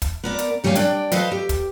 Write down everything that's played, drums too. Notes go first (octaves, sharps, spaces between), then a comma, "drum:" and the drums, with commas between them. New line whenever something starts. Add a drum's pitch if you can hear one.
drum: kick, hi-hat
B3 A#4 D5
drum: hi-hat
A#2 G3 A3 C#5 F5 G#5
D4 D5 G5, drum: hi-hat
A4 B4 C5 D#5 F5, drum: hi-hat
G4
drum: kick, hi-hat